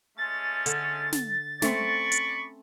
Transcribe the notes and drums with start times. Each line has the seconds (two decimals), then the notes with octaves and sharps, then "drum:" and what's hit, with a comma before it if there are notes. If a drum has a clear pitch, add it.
0.18 G#3 A3 C#4 A6
0.66 D3, drum: hi-hat
1.12 drum: snare
1.62 A3 C4 C#4 D5 B5 C#6, drum: snare
2.12 drum: hi-hat